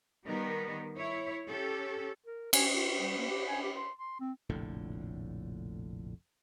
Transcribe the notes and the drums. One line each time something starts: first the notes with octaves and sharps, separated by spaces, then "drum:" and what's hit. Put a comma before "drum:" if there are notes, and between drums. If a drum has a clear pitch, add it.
D#3 G3 B3 A#4
E4 C#5
C#4 G4 A4
A#4
G#5, drum: cymbal
F4
G3
A#3
G4
G#5
G4
C6
C6
C4
F1 A#1 A2 D3